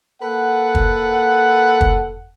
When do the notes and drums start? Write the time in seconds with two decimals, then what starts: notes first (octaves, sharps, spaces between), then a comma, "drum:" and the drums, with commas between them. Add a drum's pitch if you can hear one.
0.22 A#3 A4 B4 F#5
0.75 drum: kick
1.81 drum: kick